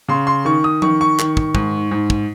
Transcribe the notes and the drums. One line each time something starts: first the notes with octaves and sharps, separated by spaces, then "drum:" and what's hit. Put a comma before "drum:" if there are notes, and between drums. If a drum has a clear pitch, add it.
C#3 C6
C6
D#3 C#6
D#6
D#3 C#6, drum: tom F3
C#6
D#3, drum: clap
drum: kick
G#2, drum: kick
G#2
drum: kick